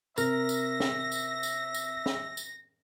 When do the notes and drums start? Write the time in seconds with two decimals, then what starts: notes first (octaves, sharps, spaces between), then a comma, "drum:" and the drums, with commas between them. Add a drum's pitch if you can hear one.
0.18 C3 A#4 E5 A#6, drum: tambourine
0.49 drum: tambourine
0.80 drum: snare
1.12 drum: tambourine
1.43 drum: tambourine
1.74 drum: tambourine
2.06 drum: snare
2.37 drum: tambourine